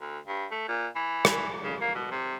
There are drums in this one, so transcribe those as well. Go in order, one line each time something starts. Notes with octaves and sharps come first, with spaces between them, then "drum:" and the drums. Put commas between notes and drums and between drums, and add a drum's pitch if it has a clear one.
D2
G2
A3
A#2
E3
drum: rim click
C#3
A#3
B2
C3